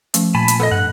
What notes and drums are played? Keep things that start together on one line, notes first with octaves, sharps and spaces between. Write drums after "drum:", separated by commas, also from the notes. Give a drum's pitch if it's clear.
F3 A3 C#4, drum: hi-hat
A#2 G#5 A5 B5
drum: hi-hat
B3 A4 D#5
G2 F#5 F#6